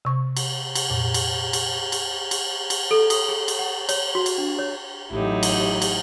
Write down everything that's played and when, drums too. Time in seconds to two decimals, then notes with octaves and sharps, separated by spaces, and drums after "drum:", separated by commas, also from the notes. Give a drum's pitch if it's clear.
0.05 C3 C#6
0.37 drum: cymbal
0.75 drum: cymbal
0.90 F2 A#2
1.14 drum: cymbal
1.53 drum: cymbal
1.92 drum: cymbal
2.31 drum: cymbal
2.70 drum: cymbal
2.91 A4
3.10 D#6, drum: cymbal
3.29 G#4
3.48 drum: cymbal
3.59 F#5
3.89 C#5, drum: cymbal
4.15 F#4
4.26 drum: cymbal
4.38 D4
4.59 C#5
5.11 A1 F#3 D#4 E4 G4
5.43 drum: cymbal
5.82 drum: cymbal